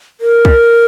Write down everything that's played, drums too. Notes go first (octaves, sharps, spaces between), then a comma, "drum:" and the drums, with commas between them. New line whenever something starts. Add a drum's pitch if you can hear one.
A#4
drum: kick